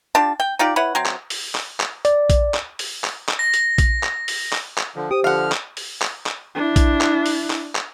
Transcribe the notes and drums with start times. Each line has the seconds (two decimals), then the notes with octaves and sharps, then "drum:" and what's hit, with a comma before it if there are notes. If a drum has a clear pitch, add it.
0.15 D4 F4 G4 A5
0.40 G5
0.59 D#4 F4 G4 D5
0.76 E4 B4 C#5 F#5
0.95 F#3 C4
1.06 drum: clap
1.30 drum: open hi-hat
1.55 drum: clap
1.80 drum: clap
2.05 D5, drum: hi-hat
2.30 drum: kick A#1, hi-hat
2.54 drum: clap
2.79 drum: open hi-hat
3.04 drum: clap
3.29 drum: clap
3.39 A#6
3.54 drum: hi-hat
3.78 drum: kick A#1, hi-hat
4.03 drum: clap
4.28 drum: open hi-hat
4.53 drum: clap
4.78 drum: clap
4.96 D3 F3
5.11 G4 C5 D#6
5.24 D3 F3 F5 F#5 F6
5.52 drum: clap
5.77 drum: open hi-hat
6.02 drum: clap
6.26 drum: clap
6.55 D4 E4
6.76 drum: kick A#1, hi-hat
7.01 drum: clap
7.26 drum: open hi-hat
7.50 drum: clap
7.75 drum: clap